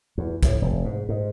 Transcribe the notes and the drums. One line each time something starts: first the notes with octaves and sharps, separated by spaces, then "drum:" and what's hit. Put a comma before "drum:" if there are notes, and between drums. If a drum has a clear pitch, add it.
E2
A2, drum: kick, hi-hat
F1
G#2
G#2